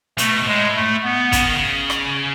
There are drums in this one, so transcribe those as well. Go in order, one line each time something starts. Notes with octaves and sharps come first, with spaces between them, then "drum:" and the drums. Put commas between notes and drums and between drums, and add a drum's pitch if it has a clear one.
B2 A3, drum: hi-hat
B2
A2 G#3
A3
B3
C#3, drum: kick, hi-hat
D#3
C#3
drum: rim click